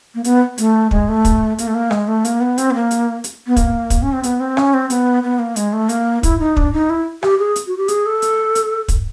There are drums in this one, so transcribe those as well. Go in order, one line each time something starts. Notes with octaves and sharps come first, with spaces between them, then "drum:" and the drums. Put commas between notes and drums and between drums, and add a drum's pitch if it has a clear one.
A#3
B3, drum: hi-hat
A3, drum: hi-hat
G#3, drum: kick
A3
drum: kick, hi-hat
A#3, drum: hi-hat
A3
A#3
G#3, drum: rim click
A3
A#3, drum: hi-hat
B3
C4, drum: hi-hat
B3
A#3
drum: hi-hat
drum: hi-hat
B3
A#3, drum: kick, hi-hat
drum: kick, hi-hat
C#4
C4
B3, drum: hi-hat
C4
C#4, drum: rim click
C4
B3, drum: hi-hat
B3
A#3
G#3, drum: hi-hat
A3
A#3, drum: hi-hat
E4, drum: kick, hi-hat
D#4
D4, drum: kick
D#4
E4
G4, drum: rim click
G#4
drum: hi-hat
F#4
G4
G#4, drum: hi-hat
A4
drum: hi-hat
drum: hi-hat
drum: kick, hi-hat